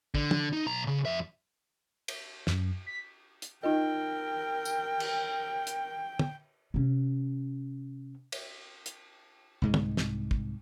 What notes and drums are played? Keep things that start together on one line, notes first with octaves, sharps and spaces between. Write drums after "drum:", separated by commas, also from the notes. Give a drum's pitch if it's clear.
D3, drum: kick
drum: tom
D#4
B1 A#5
C#3
F2 E5
drum: cymbal
F#2, drum: snare
B6
drum: hi-hat
D#4 F4 A#4 D#5 G5
drum: tambourine
drum: cymbal
drum: hi-hat
drum: tom
C3 C#4
drum: cymbal
drum: hi-hat
C2 G#2 G#3
drum: tom
drum: snare
drum: kick